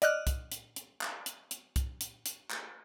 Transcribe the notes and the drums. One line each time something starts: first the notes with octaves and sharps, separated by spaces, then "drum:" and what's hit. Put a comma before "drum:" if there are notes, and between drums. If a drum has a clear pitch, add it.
D5 D#5 F6 F#6, drum: hi-hat
drum: kick, hi-hat
drum: hi-hat
drum: hi-hat
drum: clap
drum: hi-hat
drum: hi-hat
drum: kick, hi-hat
drum: hi-hat
drum: hi-hat
drum: clap